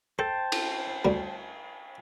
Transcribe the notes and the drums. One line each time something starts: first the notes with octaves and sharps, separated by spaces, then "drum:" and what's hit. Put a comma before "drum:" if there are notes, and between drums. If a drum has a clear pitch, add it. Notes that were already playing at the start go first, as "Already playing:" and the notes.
A4 C5 G5 A5
drum: cymbal
D2 D3 G3